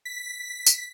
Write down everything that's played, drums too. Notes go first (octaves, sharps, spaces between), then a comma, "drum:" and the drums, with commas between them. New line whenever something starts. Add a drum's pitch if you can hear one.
B6
drum: tambourine